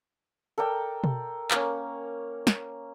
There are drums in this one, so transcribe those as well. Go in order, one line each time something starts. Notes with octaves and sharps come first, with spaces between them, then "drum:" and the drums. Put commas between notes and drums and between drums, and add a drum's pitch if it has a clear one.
A4 A#4 D5 G5
drum: tom B2
A#3 C#4, drum: clap
drum: snare